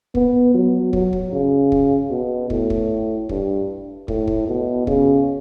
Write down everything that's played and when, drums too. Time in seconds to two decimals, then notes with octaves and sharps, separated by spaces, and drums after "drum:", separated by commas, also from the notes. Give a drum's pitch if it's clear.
0.15 B3, drum: kick
0.54 F#3
0.93 F#3, drum: kick
1.13 drum: kick
1.32 C#3
1.72 drum: kick
2.11 B2
2.50 A2, drum: kick
2.70 drum: kick
3.29 G2, drum: kick
4.08 A2, drum: kick
4.28 drum: kick
4.48 B2
4.87 C#3, drum: kick